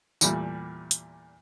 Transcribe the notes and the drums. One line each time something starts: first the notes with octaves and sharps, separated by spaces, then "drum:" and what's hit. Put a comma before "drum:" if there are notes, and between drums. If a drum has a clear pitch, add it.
E2 A#2 G3 A3, drum: tambourine
drum: hi-hat